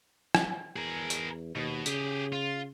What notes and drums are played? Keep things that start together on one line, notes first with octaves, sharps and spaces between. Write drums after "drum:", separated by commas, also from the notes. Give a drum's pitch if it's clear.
drum: rim click
E2 G#4 A#4
drum: hi-hat
D#2 B2
C#3 G4 G#4, drum: hi-hat
F4